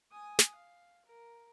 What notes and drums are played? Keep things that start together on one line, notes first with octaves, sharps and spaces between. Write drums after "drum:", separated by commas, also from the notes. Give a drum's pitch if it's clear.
G#5 D#6
drum: snare
F5
A#4